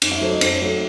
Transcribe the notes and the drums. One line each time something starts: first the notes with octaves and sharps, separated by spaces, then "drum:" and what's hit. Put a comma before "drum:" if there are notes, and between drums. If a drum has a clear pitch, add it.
F#2, drum: cymbal
E5
F#3 A3 C5
D#5
F#2 C5, drum: cymbal
F#3 A3